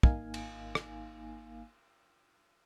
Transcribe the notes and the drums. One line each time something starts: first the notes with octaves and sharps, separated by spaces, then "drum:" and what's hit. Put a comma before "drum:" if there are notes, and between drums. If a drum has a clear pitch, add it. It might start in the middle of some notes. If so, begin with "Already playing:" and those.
G#1 A#3 D#4 F5 G#5, drum: kick
drum: cymbal
drum: rim click